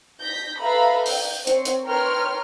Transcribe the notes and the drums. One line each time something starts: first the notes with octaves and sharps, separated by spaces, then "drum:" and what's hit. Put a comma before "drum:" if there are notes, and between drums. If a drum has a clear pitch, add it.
G6 A#6 B6
A4 B4 E5 F5 A#5 B5
G6, drum: open hi-hat
C4 C5 C#5, drum: hi-hat
drum: hi-hat
A#4 B4 C#5 G5 C6 F6